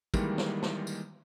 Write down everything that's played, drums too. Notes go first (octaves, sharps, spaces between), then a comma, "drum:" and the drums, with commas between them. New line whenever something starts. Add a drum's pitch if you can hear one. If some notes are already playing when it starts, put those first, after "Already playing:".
D#3 E3 G3 G#3 A#3, drum: kick, tambourine
drum: snare
drum: snare
drum: tambourine